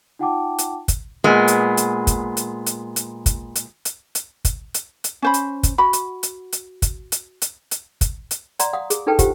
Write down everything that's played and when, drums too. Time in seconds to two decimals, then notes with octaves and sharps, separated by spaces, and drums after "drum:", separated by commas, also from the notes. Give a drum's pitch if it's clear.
0.19 D#4 F4 F#5 G5 A5 D6
0.58 drum: hi-hat
0.88 drum: kick, hi-hat
1.24 A#2 G#3 B3
1.48 drum: hi-hat
1.77 drum: hi-hat
2.07 drum: kick, hi-hat
2.37 drum: hi-hat
2.66 drum: hi-hat
2.96 drum: hi-hat
3.26 drum: kick, hi-hat
3.55 drum: hi-hat
3.85 drum: hi-hat
4.15 drum: hi-hat
4.45 drum: kick, hi-hat
4.74 drum: hi-hat
5.04 drum: hi-hat
5.22 C#4 C5 B5
5.34 drum: hi-hat
5.63 drum: kick, hi-hat
5.78 F#4 B5
5.93 drum: hi-hat
6.23 drum: hi-hat
6.52 drum: hi-hat
6.82 drum: kick, hi-hat
7.12 drum: hi-hat
7.42 drum: hi-hat
7.71 drum: hi-hat
8.01 drum: kick, hi-hat
8.31 drum: hi-hat
8.59 D5 F#5 A#5 C6, drum: hi-hat
8.73 F5 F#5 D#6
8.90 G#4, drum: hi-hat
9.07 D4 D#4 A4 B4 G5 A5
9.19 F4 G4 C5 F#5, drum: kick, hi-hat